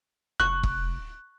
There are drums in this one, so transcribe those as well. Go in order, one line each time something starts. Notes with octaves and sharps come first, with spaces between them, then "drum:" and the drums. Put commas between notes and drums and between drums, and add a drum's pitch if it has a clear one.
F1 C#6 F#6
drum: kick E1